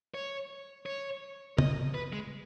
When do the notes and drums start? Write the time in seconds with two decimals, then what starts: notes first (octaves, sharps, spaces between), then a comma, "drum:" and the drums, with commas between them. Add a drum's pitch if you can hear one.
0.14 C#5
0.86 C#5
1.58 D#5, drum: tom
1.94 B4
2.13 G#3